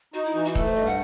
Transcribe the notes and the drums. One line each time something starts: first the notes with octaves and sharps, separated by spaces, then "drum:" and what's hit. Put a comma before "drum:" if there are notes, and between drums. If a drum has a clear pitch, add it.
D#4 F#4
E4
E3 F#4
F#4
A3 A4, drum: kick
C5
G2 D#5
F#5